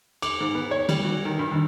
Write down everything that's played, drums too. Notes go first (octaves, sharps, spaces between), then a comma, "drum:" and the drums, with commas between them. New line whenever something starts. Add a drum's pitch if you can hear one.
D6, drum: cymbal
G#2
B3
C#5
G3, drum: cymbal
F#4
D#3
G2
D#2